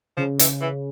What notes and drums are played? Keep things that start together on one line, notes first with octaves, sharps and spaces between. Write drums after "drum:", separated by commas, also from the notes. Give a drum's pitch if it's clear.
C#3 F3
E3, drum: hi-hat
E3